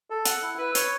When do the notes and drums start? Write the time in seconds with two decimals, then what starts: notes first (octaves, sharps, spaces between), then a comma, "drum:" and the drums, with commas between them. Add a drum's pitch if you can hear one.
0.10 A4
0.25 F#5, drum: hi-hat
0.42 E4
0.58 B4
0.75 C#5, drum: hi-hat